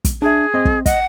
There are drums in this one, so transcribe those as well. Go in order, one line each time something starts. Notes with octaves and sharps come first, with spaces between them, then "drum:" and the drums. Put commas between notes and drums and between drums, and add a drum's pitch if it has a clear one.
drum: kick, hi-hat
D4 G#4 E5
C4 D#5
drum: kick
D#5 F#5, drum: kick, hi-hat